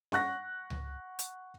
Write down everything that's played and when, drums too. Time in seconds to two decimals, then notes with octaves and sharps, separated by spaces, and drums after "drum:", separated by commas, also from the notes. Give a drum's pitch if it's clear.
0.12 F#5 C#6 F#6 A#6, drum: snare C#4
0.70 drum: tom C#2
1.19 drum: hi-hat